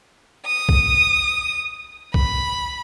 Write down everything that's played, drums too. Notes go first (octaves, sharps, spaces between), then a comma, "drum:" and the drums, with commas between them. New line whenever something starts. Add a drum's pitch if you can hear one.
D#6
drum: kick B1
B5, drum: kick B1